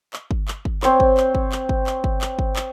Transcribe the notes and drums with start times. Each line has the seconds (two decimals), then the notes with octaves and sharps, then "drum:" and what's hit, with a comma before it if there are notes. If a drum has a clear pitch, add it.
0.13 drum: clap
0.31 drum: kick G1
0.48 drum: clap
0.65 drum: kick G1
0.83 C4 C#5, drum: clap
1.00 drum: kick G1
1.17 drum: clap
1.35 drum: kick G1
1.52 drum: clap
1.69 drum: kick G1
1.87 drum: clap
2.04 drum: kick G1
2.21 drum: clap
2.39 drum: kick G1
2.56 drum: clap